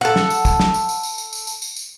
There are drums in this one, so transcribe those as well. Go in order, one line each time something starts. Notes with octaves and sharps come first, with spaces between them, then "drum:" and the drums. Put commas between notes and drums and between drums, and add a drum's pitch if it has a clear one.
A4 F#5
drum: snare
drum: tambourine
drum: kick, tambourine
drum: snare
drum: tambourine
drum: tambourine
drum: tambourine
drum: tambourine
drum: tambourine
drum: tambourine
drum: tambourine
drum: tambourine